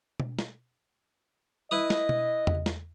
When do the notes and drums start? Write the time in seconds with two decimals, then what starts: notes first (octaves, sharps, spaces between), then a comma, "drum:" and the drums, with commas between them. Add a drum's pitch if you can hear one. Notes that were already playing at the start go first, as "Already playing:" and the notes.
0.20 drum: tom B2
0.39 drum: snare
1.71 E4 B4 D#5 D#6
1.90 drum: snare
2.09 drum: tom B2
2.47 drum: tom E2
2.66 drum: snare